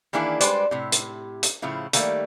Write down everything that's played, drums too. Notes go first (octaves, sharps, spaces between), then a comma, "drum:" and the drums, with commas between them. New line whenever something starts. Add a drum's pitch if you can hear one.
D#3 E3 A#3 D4 E4 G#4
G3 G#3 B4 C5 D5, drum: hi-hat
A2 C3
drum: hi-hat
drum: hi-hat
A2 C#3 F3 E4
D#3 G3 A3 A#3, drum: hi-hat